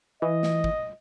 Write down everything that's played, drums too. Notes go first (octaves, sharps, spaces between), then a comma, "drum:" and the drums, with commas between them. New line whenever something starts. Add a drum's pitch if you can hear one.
E3 D#5
drum: snare
drum: kick